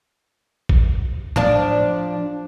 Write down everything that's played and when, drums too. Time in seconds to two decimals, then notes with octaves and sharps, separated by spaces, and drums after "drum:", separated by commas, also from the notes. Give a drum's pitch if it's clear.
0.69 drum: kick A1
1.36 F3 D4 D5, drum: tom A2